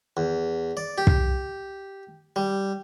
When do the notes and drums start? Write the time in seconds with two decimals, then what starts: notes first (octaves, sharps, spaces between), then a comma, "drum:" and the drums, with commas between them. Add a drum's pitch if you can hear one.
0.17 E2
0.77 D5
0.98 G4
1.07 drum: kick
2.36 G3